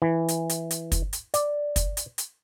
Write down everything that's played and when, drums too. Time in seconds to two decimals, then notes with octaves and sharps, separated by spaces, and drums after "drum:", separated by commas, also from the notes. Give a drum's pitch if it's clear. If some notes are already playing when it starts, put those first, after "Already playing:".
0.02 E3
0.28 drum: hi-hat
0.50 drum: hi-hat
0.71 drum: hi-hat
0.92 drum: kick, hi-hat
1.13 drum: hi-hat
1.34 D5, drum: hi-hat
1.76 drum: kick, hi-hat
1.97 drum: hi-hat
2.18 drum: hi-hat